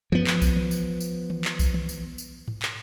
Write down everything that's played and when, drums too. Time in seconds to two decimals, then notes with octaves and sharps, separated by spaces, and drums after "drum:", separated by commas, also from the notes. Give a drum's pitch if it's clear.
0.12 F3 B3, drum: tom F#2
0.27 drum: clap
0.42 drum: kick B1, tambourine
0.56 drum: tom D#3
0.71 drum: tambourine
1.00 drum: tambourine
1.30 drum: tom D#3
1.45 drum: clap
1.59 drum: kick B1, tambourine
1.74 drum: tom D#3
1.89 drum: tambourine
2.18 drum: tambourine
2.48 drum: tom G#2
2.62 drum: clap